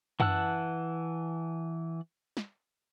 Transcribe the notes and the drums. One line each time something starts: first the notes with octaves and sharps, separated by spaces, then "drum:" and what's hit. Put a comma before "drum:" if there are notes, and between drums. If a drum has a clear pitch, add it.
E3 F#5 A5 E6 F#6, drum: tom F#2
drum: snare